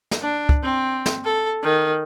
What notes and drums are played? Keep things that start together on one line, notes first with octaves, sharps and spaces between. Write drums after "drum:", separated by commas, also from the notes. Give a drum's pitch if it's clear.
drum: snare
D4
drum: kick
C4
drum: snare
A4
D#3